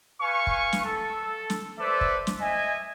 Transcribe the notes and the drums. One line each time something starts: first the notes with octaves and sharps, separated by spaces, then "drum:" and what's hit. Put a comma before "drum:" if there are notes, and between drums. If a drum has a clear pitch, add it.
B4 F5 G#5 C#6
drum: kick
drum: snare
A4
drum: snare
A4 B4 C5 D5 E5
drum: kick
drum: snare
D#5 E5 G#5